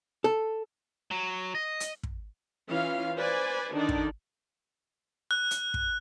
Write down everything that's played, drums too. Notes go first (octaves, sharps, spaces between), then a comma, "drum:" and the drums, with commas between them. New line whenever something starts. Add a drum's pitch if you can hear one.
A4
F#3
D#5
drum: hi-hat
drum: kick
E3 C#4 F4 F5
B4 C5 D5 G#5
D3 D#3 D4 D#4 D5
drum: kick
F#6
drum: hi-hat
drum: kick